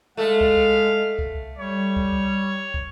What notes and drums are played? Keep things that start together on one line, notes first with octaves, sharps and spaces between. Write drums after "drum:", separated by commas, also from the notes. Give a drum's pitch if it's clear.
G#3 A3 A4 F5
drum: kick
drum: kick
G3 C#5
drum: kick
drum: kick